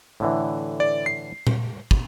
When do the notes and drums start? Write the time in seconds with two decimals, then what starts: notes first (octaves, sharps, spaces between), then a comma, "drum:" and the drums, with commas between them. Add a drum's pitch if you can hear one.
0.20 A2 D3 E3
0.80 D5
1.06 C7
1.47 drum: tom A#2
1.91 drum: kick